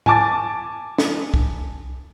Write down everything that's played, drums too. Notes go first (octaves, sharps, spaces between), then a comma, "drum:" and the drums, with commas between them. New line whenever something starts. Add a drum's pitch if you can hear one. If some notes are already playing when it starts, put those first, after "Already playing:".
G#5 A5 D6 A6, drum: tom
drum: snare
drum: kick